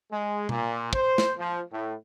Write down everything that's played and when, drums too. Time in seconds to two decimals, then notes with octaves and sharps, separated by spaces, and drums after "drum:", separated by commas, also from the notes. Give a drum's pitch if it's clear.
0.11 G#3
0.49 A#2, drum: tom B2
0.93 C5, drum: kick
1.18 drum: snare
1.38 F3
1.72 A2